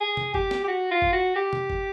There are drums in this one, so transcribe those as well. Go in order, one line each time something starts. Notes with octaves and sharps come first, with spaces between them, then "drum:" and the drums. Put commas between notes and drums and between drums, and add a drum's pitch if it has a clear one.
G#4
drum: tom C3
G4, drum: kick F#1
drum: snare
G4
F#4
F4
drum: kick F#1
F#4
G4
drum: tom C3
drum: kick F#1